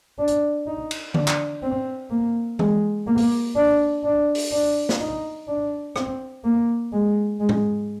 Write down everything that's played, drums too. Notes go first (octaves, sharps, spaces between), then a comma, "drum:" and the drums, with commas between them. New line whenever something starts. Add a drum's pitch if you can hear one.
D4
drum: hi-hat
D#4
drum: cymbal
D4, drum: tom D3
drum: clap
C4
A#3
G#3, drum: tom E3
A#3
drum: open hi-hat
D4
D4
drum: open hi-hat
D4
drum: snare
D#4
D4
C4, drum: rim click
A#3
G#3
G#3
drum: tom